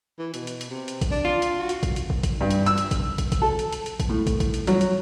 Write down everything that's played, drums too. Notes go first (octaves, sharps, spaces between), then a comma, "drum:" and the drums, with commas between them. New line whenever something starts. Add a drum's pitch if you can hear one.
E3
B2, drum: hi-hat
drum: hi-hat
drum: hi-hat
C3
drum: hi-hat
drum: kick, hi-hat
D4
F4
drum: hi-hat
F#4
drum: hi-hat
drum: kick, hi-hat
drum: hi-hat
drum: kick
drum: kick, hi-hat
G2
drum: hi-hat
E6, drum: hi-hat
drum: hi-hat
drum: kick, hi-hat
drum: kick, hi-hat
drum: kick, hi-hat
A4
drum: hi-hat
drum: hi-hat
drum: hi-hat
drum: kick, hi-hat
A2
drum: kick, hi-hat
drum: kick, hi-hat
drum: hi-hat
F#3, drum: hi-hat
drum: hi-hat